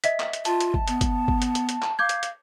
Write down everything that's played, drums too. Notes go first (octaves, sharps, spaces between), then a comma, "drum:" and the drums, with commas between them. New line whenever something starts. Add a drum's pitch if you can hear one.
D#5 E5 B6, drum: hi-hat
drum: clap
drum: hi-hat
F4 A5, drum: hi-hat
drum: hi-hat
drum: kick G1
B3, drum: hi-hat
drum: kick G1, hi-hat
drum: kick G1
drum: hi-hat
drum: hi-hat
drum: hi-hat
drum: clap
F5 D6 G6 G#6
drum: hi-hat
drum: hi-hat